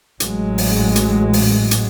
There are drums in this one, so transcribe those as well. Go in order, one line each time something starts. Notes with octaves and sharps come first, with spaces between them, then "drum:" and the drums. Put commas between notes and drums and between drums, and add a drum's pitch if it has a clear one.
A1 F#3 G#3, drum: hi-hat
drum: open hi-hat
drum: hi-hat
drum: open hi-hat
drum: hi-hat